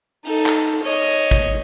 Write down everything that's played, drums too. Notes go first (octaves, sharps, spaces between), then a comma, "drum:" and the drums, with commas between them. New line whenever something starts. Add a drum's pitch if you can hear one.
D#4 A4, drum: open hi-hat
drum: clap
drum: hi-hat
C#5 D#5
drum: open hi-hat
drum: kick, hi-hat